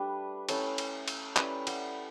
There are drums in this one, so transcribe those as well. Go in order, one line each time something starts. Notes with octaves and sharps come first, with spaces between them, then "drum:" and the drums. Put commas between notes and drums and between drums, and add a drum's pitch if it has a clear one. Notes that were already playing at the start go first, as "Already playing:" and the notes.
Already playing: G3 A3 D4 B4
A3 C#4 E4 A4 C#5, drum: cymbal
drum: cymbal
drum: cymbal
G3 C#4 E4 B4 D5, drum: clap
D5 F#5, drum: cymbal